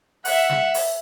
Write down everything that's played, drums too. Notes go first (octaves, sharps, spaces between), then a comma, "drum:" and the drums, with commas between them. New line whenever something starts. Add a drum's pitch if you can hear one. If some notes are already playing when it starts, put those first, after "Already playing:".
E5 F#5, drum: open hi-hat
drum: snare
drum: open hi-hat